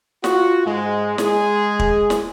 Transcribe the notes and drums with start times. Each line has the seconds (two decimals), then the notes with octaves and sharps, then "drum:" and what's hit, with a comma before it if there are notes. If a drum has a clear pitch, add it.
0.24 F4 F#4, drum: snare
0.66 G#2 G#3
1.18 G#3 G#4, drum: snare
1.79 drum: kick
2.10 drum: snare